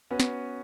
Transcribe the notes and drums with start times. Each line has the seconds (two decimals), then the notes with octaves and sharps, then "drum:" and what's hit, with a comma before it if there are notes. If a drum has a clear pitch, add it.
0.11 B3 C#4 F#4
0.20 drum: snare